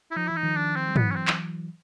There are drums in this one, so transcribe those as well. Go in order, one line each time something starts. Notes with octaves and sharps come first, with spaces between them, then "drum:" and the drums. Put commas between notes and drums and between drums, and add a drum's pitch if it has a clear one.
E4
F3 D#4
E3 E4
D#4
D#3 F3
D4
C4
G3
E3 F#3 B3, drum: tom
C#4
C4
drum: clap